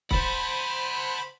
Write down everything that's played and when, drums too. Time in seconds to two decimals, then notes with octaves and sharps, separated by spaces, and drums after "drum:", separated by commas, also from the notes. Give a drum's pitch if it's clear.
0.11 C5 F#5 A5 B5, drum: kick